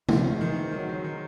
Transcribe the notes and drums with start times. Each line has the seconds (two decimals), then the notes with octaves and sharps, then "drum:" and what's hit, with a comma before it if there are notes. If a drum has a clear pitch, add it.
0.09 D#3 F3, drum: tom C3
0.24 G#3
0.40 D#3 E3
0.57 C4
0.72 D#3 F#3
0.89 G#3
1.04 D#3